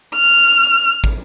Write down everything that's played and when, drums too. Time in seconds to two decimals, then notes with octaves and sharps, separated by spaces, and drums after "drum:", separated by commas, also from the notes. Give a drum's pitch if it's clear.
0.15 F6
1.04 drum: kick